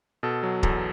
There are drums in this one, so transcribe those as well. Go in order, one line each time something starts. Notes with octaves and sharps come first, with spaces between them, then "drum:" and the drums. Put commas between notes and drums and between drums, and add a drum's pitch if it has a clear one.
B2 A4
F#3
E2 A4, drum: kick D1